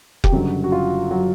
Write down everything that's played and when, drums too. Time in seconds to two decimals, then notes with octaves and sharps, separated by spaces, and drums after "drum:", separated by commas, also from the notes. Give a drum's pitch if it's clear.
0.24 G4, drum: kick F1
0.32 F#1 F#2 D3 F#3 G3 F#4
0.64 F#4
0.72 F4
1.11 F#3 F#4